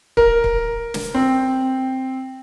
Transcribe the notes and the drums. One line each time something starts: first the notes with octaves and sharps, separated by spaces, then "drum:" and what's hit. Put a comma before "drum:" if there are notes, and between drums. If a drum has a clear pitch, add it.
A#4, drum: kick C#1
drum: kick C#1
drum: snare
C4